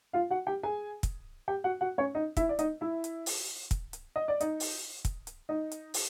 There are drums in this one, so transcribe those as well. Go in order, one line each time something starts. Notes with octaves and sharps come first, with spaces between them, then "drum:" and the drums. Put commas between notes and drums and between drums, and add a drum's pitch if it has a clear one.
F4 F5
F#4 F#5
G4 G5
G#4 G#5
drum: kick, hi-hat
G4 G5
F#4 F#5
F#4 F#5
C#4 C#5
D#4 D#5
E4 E5, drum: kick, hi-hat
D5
D#4 D#5, drum: hi-hat
E4 E5
drum: hi-hat
drum: open hi-hat
drum: kick, hi-hat
drum: hi-hat
D#5
D5
D#4 D#5, drum: hi-hat
drum: open hi-hat
drum: kick, hi-hat
drum: hi-hat
D#4 D#5
drum: hi-hat
drum: open hi-hat